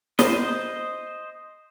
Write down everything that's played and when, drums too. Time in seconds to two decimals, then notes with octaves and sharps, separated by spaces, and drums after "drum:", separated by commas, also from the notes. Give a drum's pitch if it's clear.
0.19 C5 D#5, drum: snare